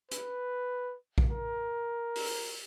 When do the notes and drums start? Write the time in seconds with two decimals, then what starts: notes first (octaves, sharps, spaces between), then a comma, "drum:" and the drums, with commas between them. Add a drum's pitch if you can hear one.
0.11 B4, drum: hi-hat
1.18 drum: kick A#1
1.31 A#4
2.16 drum: open hi-hat